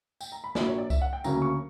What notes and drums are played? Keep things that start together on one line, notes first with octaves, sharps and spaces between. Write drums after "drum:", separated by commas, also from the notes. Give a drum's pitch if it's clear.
G5, drum: tambourine
A#5
B5
A#1 A#2 F#3 D5, drum: snare
C#5
D5
E5, drum: kick C2, tambourine
F#5
G5
D2 C#3 F#3 A#3 C#4 A#5, drum: tambourine
C#6